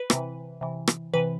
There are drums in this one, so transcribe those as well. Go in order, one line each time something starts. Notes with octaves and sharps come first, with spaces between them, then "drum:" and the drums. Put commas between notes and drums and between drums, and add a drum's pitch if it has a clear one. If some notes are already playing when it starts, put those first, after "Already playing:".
Already playing: B4
C3 E3, drum: rim click
C3 E3
drum: rim click
C3 E3 B4